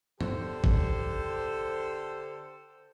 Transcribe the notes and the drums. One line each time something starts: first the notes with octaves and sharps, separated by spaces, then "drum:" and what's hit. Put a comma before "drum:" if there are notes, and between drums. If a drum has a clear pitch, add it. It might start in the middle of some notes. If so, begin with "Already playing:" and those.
D3 G4 A4 C5, drum: tom G2
drum: kick G#1